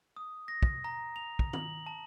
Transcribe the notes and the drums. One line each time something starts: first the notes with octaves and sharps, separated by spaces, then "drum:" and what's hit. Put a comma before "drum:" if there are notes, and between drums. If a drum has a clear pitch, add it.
D#6
A#6
drum: kick
A#5
F7
drum: kick
F#7, drum: tom
A5